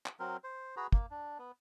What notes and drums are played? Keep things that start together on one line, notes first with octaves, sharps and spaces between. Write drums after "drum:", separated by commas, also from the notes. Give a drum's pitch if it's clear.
drum: clap
F#3 C4 A#4
C5
F#4 G#4 B4 A#5
A#3, drum: kick
D4
B3